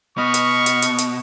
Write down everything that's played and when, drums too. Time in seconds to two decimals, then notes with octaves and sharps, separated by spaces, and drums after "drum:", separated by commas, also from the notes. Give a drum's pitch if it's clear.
0.18 B2 D#5 B5 C#6 F6
0.34 drum: hi-hat
0.66 drum: hi-hat
0.82 drum: hi-hat
0.98 drum: hi-hat